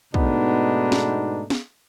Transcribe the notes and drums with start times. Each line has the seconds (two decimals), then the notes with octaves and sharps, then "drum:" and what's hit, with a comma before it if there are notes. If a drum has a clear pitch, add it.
0.14 G#2 B2 A3 B3 D4 D#4, drum: kick
0.92 drum: snare
1.50 drum: snare